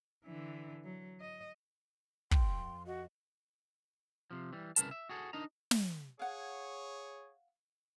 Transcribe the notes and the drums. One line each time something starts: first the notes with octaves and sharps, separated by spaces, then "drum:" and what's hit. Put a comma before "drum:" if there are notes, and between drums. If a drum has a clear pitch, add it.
D3 E3
F#3
D#5
F2 G5 C6, drum: kick
F#4 D#5
C3 F3
E3 G3
C2 C#3 G#3 A#4 B4 A5, drum: hi-hat
E5
F#4 G#4 A4
D4 D#4 A#4 D#5 A#5
drum: snare
G#4 C#5 F5 F#5